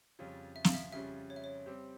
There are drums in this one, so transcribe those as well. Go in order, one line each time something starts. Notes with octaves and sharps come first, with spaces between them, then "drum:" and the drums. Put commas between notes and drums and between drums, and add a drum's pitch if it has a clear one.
F2 C#3 G3 C#4 F4
E5
F5, drum: snare
E5
F2 C#3 G3 C#4 F4 E5
C#5
E5
C#5
G3 C4 G4